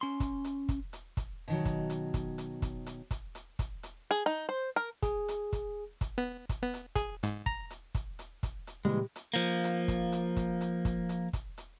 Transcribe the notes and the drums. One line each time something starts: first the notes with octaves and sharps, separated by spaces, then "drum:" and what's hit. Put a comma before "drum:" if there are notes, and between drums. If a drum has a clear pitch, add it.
C#4 C6
drum: kick, hi-hat
drum: hi-hat
drum: kick, hi-hat
drum: hi-hat
drum: kick, hi-hat
B2 D#3 F#3
drum: kick, hi-hat
drum: hi-hat
drum: kick, hi-hat
drum: hi-hat
drum: kick, hi-hat
drum: hi-hat
drum: kick, hi-hat
drum: hi-hat
drum: kick, hi-hat
drum: hi-hat
G#4
D#4
C5
A#4
G#4, drum: kick, hi-hat
drum: hi-hat
drum: kick, hi-hat
drum: kick, hi-hat
B3
drum: kick, hi-hat
B3
drum: hi-hat
G#4, drum: kick, hi-hat
G#2, drum: hi-hat
A#5, drum: kick
drum: hi-hat
drum: kick, hi-hat
drum: hi-hat
drum: kick, hi-hat
drum: hi-hat
A#2 C#3 E3 G3 G#3 A#3 G4
drum: hi-hat
F3 A#3
drum: hi-hat
drum: kick, hi-hat
drum: hi-hat
drum: kick, hi-hat
drum: hi-hat
drum: kick, hi-hat
drum: hi-hat
drum: kick, hi-hat
drum: hi-hat